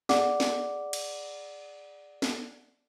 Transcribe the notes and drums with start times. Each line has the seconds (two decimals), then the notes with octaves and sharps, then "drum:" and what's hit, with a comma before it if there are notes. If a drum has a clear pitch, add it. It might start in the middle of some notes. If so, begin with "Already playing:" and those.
0.09 G#4 D5 F#5 D6, drum: snare
0.40 drum: snare
0.93 drum: cymbal
2.22 drum: snare